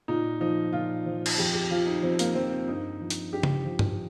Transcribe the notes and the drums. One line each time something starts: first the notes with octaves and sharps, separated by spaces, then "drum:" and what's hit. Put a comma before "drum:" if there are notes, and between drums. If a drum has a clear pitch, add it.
A#2 D#4
F3 D#4
A#2 F4
F3
drum: cymbal
F2 G4
G4
F3 F4
D#4
F2 C4
A#3, drum: hi-hat
F3 C4
G2 D#4
F3
drum: hi-hat
G2 G4
drum: tom
F3
drum: tom